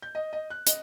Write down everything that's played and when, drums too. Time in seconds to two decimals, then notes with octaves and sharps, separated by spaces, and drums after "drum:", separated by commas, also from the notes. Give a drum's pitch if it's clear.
0.02 G6
0.15 D#5
0.33 D#5
0.50 F#6
0.67 D#5, drum: hi-hat